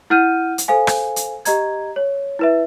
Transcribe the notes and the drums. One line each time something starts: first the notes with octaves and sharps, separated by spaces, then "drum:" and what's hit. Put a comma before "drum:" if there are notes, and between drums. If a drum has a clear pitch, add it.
E4 F#5 F6 G6 D#7
drum: hi-hat
A4 C5 F5 G#5
drum: rim click
drum: hi-hat
G4 D#5 A#5 G#6, drum: hi-hat
C#5
E4 B4 E5